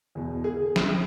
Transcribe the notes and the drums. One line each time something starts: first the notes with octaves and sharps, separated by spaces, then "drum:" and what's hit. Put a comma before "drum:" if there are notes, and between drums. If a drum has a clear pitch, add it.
E2 B2
G#4
drum: snare